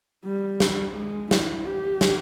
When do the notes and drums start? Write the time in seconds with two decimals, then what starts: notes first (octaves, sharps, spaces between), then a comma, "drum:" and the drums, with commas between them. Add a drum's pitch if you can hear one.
0.25 G3
0.60 drum: snare
0.95 G#3
1.31 E4, drum: snare
1.66 G4
2.01 drum: snare